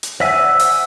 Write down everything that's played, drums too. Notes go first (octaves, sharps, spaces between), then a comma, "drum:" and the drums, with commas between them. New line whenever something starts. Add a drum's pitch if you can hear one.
drum: hi-hat
C5 D5 E5 F#5 G#5
drum: open hi-hat